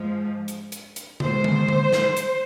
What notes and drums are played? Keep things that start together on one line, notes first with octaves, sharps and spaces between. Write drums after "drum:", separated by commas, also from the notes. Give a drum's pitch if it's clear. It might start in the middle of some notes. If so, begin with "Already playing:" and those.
Already playing: G#2 F3 G#3
drum: hi-hat
drum: hi-hat
drum: hi-hat
B2 G#3 C5, drum: tom C#3
drum: tom D3
drum: tom D3
drum: snare
drum: hi-hat